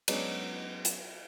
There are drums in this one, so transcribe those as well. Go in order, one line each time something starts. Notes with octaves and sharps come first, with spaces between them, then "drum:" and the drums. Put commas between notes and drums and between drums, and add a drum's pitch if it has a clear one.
F#3 G#3 B3 C#4 D4, drum: cymbal
drum: hi-hat